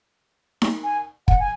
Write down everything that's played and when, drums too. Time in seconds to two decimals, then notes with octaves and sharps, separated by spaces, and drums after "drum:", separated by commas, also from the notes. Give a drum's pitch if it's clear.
0.62 drum: snare D#4
0.84 G#5
1.28 F#5, drum: kick
1.40 G#5